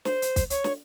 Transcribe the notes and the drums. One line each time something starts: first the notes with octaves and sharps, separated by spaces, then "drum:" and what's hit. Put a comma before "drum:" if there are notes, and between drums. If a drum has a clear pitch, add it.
C5, drum: snare
drum: hi-hat
drum: kick, hi-hat
C#5, drum: hi-hat
drum: snare